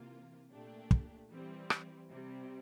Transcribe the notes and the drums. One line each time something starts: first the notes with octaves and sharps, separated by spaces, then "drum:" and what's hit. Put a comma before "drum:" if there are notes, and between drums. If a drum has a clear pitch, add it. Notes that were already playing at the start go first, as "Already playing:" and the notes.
Already playing: C3 E3 A#3 F4
A#2 A3 D4 G4
drum: kick
E3 G3 C4
drum: rim click
C3 G3 C4